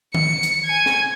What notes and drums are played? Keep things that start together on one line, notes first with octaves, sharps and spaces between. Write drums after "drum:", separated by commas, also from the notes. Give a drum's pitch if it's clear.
C#7, drum: tom D#3
drum: hi-hat
G#5 G#6
drum: snare